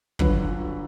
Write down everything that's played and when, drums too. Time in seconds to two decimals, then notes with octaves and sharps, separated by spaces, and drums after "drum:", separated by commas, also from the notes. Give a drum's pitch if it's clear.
0.19 G1 F#2 D3 F#3 B4, drum: kick